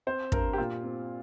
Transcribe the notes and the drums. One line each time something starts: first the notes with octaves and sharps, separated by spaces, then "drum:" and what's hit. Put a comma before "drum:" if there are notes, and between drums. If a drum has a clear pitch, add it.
C4 C5
G2 A#4, drum: kick
G4
A#2 F4
C4